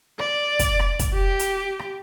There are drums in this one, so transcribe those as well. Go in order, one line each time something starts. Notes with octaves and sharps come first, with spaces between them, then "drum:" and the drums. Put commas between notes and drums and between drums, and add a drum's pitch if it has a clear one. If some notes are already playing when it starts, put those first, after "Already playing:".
D5, drum: rim click
drum: kick, hi-hat
drum: rim click
drum: kick, hi-hat
G4
drum: hi-hat
drum: rim click